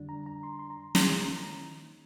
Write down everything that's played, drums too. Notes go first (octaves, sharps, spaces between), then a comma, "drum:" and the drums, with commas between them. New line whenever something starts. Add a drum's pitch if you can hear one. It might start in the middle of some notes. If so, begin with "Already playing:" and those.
Already playing: F2 D3 G3 D4
A#5
A#5
C6
C6
A#5
D#3 A#3 D#4 C6, drum: snare
A#5